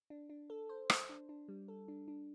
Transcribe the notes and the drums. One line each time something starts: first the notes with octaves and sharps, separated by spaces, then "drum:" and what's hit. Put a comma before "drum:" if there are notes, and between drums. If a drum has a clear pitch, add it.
D4
D4
A4
C5
C5, drum: rim click
D4
D4
G3
A4
D4
D4